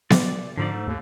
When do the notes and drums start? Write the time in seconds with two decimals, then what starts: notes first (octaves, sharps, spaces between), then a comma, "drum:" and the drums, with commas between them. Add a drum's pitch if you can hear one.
0.10 D5, drum: snare B3
0.57 G#2 D3 F3 D5
0.73 A3
0.88 D#2